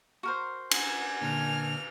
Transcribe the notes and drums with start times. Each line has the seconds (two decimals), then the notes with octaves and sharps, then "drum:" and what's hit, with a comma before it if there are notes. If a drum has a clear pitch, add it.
0.23 F#4 A#4 C5
0.71 F#5 G#5, drum: cymbal
1.21 A#2 D3 F6